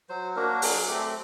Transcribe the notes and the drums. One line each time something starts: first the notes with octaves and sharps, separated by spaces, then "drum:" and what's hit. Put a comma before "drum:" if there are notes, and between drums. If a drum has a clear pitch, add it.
F#3 C5
A#3 D4 F#4 A#4
F#3 G#4, drum: open hi-hat
A3 C4 G4